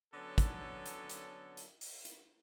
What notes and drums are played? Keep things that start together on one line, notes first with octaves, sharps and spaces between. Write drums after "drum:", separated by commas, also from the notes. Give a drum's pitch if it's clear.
D3 F#3 B3 C#4 A4
drum: kick, hi-hat
drum: hi-hat
drum: hi-hat
drum: hi-hat
drum: open hi-hat
drum: hi-hat